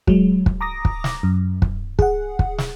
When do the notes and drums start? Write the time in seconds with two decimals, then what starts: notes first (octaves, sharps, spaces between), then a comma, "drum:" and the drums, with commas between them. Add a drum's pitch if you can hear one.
0.07 F#3 G#3, drum: kick
0.46 drum: kick
0.61 A#5 D6 D#6 A#6
0.85 drum: kick
1.04 drum: snare
1.23 F#2
1.62 drum: kick
1.99 G#4 F#5, drum: kick
2.39 drum: kick
2.58 drum: snare